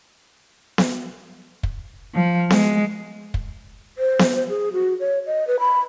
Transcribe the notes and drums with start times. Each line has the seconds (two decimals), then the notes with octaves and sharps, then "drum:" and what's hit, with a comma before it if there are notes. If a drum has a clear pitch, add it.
0.78 drum: snare B3
1.63 drum: kick
2.15 F3
2.50 G#3, drum: snare B3
3.34 drum: kick
3.98 C5
4.19 drum: snare B3
4.35 C5
4.49 G#4
4.73 F#4
5.00 C#5
5.26 D#5
5.47 B4
5.60 B5